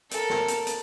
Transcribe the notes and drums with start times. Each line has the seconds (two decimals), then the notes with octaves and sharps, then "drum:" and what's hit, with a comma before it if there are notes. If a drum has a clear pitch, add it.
0.11 A4 A#4, drum: hi-hat
0.30 drum: snare
0.48 drum: hi-hat
0.67 drum: hi-hat